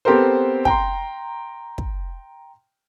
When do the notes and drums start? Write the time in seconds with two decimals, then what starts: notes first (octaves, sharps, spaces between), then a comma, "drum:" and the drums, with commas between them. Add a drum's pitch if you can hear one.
0.05 B3 C4 G4 A4 A#4 C5
0.65 G5 A#5 C6, drum: kick
1.78 drum: kick